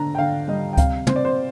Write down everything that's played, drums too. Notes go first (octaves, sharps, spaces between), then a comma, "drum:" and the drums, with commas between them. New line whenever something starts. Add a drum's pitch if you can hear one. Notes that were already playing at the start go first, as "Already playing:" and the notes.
Already playing: D3 D4 A#5
G5
D3 F5
G3 D#5
G5
C3 F5, drum: kick C#2, hi-hat
C4 C5, drum: tom
D5
C5